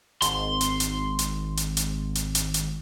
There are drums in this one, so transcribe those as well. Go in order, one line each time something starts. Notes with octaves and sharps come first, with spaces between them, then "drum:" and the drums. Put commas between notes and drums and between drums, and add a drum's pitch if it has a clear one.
G#1 C6, drum: hi-hat
drum: hi-hat
drum: hi-hat
drum: hi-hat
drum: hi-hat
drum: hi-hat
drum: hi-hat
drum: hi-hat
drum: hi-hat